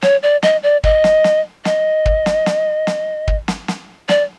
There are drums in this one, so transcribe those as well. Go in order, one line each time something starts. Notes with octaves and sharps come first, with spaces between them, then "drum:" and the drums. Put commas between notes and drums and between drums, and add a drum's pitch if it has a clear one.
C#5, drum: snare
D5
D#5, drum: snare
D5
D#5, drum: kick
drum: snare
drum: snare
D#5, drum: snare
drum: kick
drum: snare
drum: snare
drum: snare
drum: kick
drum: snare
drum: snare
D5, drum: snare